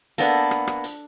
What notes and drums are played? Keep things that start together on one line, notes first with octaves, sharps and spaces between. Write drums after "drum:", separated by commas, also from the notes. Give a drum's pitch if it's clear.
A#3 B3 D4 A4, drum: hi-hat
drum: rim click
drum: rim click
drum: hi-hat